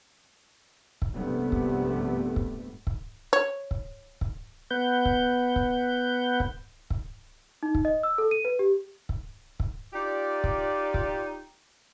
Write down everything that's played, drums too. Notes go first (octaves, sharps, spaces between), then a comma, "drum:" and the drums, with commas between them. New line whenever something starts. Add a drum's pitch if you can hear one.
drum: kick
A#1 G2 C3 G3 A3 B3
drum: kick
drum: kick
drum: kick
C#5
drum: kick
drum: kick
B3 B4 F#5 G6
drum: kick
drum: kick
drum: kick
drum: kick
D#4
drum: kick
D#5
E6
A4
D#7
B4
G4
drum: kick
drum: kick
D#4 F4 G4 D5
drum: kick
drum: kick